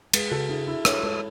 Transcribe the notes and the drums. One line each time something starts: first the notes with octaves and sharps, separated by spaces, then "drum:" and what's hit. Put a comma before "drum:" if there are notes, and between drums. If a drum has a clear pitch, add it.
G#3 G#4 B4, drum: cymbal
C#3 F#4 A4
D4 E4 G#4
D4 E4 G#4
D4 A4 C#5, drum: rim click
G#3 A4 C#5